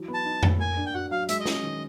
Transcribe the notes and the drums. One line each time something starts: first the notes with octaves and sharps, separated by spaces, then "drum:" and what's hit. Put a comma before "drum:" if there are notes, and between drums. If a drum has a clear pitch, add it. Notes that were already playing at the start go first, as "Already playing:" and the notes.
Already playing: E3 F#3
B3
A5
D#4
A2, drum: tom F2
A#3 G#5
D4
G5
F#4 F#5
F#3 F5
G#3 E5, drum: hi-hat
D#5
C#4, drum: snare
D#5
D#3